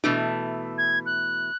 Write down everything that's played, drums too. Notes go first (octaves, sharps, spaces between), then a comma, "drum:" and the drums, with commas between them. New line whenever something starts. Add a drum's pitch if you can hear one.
B2 E3 A3, drum: tom D4
G#6
F#6